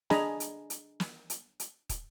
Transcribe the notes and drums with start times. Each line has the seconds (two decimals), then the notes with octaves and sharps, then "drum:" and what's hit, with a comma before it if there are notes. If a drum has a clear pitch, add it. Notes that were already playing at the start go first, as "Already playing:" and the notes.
0.10 D4 G#4 D#5 G#5 A#5 B5, drum: snare
0.40 drum: hi-hat
0.70 drum: hi-hat
1.00 drum: snare
1.30 drum: hi-hat
1.60 drum: hi-hat
1.89 drum: kick, hi-hat